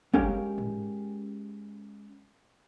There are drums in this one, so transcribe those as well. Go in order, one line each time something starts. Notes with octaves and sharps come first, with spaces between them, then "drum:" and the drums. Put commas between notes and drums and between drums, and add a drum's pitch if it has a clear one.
G#3 C#4 G4 A#4 F5 G5, drum: kick
drum: tom G#2